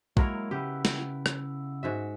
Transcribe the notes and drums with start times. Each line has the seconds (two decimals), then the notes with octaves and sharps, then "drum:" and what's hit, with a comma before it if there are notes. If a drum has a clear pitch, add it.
0.17 F#3 G#3 A#3 E4 A#4 C#5, drum: kick
0.51 C#3 B3 E4 G4
0.85 G5, drum: snare
1.26 drum: rim click
1.83 G#2 F#4 E5